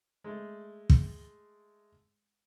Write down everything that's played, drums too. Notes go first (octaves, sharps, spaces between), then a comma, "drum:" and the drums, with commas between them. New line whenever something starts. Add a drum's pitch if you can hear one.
G#3 A3
drum: kick